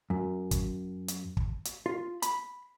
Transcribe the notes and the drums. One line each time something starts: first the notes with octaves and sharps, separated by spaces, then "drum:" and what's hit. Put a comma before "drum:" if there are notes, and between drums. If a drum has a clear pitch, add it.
F#2
drum: kick, hi-hat
drum: hi-hat
drum: kick
drum: hi-hat
F4
B5, drum: hi-hat